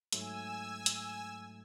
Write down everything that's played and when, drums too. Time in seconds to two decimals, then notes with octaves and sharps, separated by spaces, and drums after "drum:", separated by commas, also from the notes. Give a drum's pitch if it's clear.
0.12 G#2 F#3 A3 G#5 E6, drum: hi-hat
0.86 drum: hi-hat